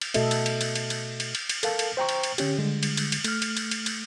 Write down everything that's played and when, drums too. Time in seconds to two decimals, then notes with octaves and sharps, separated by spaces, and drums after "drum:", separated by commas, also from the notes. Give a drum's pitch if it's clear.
0.01 drum: cymbal
0.14 B2 A3 F#4 A4 D#5 E5, drum: cymbal
0.31 drum: cymbal
0.46 drum: cymbal
0.61 drum: cymbal
0.75 drum: cymbal
0.90 drum: cymbal
1.20 drum: cymbal
1.35 drum: cymbal
1.49 drum: cymbal
1.63 A4 A#4 F5 A5, drum: cymbal
1.79 drum: cymbal
1.97 C5 G5 A#5 C#6
2.09 drum: cymbal
2.23 drum: cymbal
2.38 D3 C#4 G4, drum: cymbal
2.59 D3 G3 G#3
2.83 drum: cymbal
2.97 drum: cymbal
3.12 drum: cymbal
3.24 A3 F6, drum: cymbal
3.42 drum: cymbal
3.57 drum: cymbal
3.71 drum: cymbal
3.86 drum: cymbal